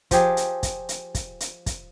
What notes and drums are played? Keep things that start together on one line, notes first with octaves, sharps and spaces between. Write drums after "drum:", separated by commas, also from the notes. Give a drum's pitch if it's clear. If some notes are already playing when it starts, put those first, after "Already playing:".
F3 G4 G#4, drum: kick, hi-hat
drum: hi-hat
drum: kick, hi-hat
drum: hi-hat
drum: kick, hi-hat
drum: hi-hat
drum: kick, hi-hat